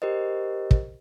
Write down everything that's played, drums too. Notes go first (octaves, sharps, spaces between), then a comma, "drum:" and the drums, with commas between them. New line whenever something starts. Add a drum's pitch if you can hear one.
G4 A#4 C5 D#5
drum: kick